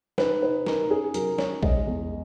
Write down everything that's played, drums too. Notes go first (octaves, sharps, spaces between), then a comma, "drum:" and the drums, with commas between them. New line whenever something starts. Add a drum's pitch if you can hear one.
D#4 B4, drum: snare
D#4 B4
D#4 A#4, drum: snare
C#4 G#4
F#3 A#4, drum: hi-hat
C#4 C#5, drum: snare
G#3 D#5, drum: kick A#1
E2